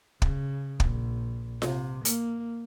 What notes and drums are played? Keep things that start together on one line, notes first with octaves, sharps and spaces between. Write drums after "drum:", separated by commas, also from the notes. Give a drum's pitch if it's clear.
C#3, drum: kick
A#1, drum: kick
C3, drum: snare F4
A#3, drum: hi-hat